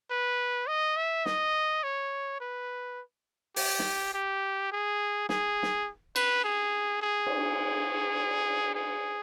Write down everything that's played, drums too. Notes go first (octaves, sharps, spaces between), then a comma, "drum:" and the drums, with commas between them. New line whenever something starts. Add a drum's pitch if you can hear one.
B4
D#5
E5
D#5, drum: snare
C#5
B4
G4, drum: open hi-hat
drum: snare
G4
G#4
G#4, drum: snare
drum: snare
B4, drum: cymbal
G#4
G#4
drum: cymbal
G#4